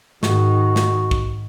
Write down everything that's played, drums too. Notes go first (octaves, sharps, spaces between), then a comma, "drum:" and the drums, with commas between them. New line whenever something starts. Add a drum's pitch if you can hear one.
G#2 D#3 D#4 F#4, drum: snare
drum: snare
drum: kick